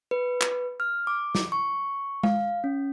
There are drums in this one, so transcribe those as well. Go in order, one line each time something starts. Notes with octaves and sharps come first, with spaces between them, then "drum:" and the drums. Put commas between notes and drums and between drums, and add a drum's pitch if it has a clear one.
B4
drum: clap
F6
D6
drum: snare
C#6
F5, drum: tom G#3
C#4